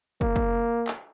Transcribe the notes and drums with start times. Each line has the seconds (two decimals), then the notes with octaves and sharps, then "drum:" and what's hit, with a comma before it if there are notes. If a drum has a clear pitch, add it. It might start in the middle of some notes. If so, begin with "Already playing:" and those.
0.21 A#3, drum: kick
0.36 drum: kick
0.88 drum: clap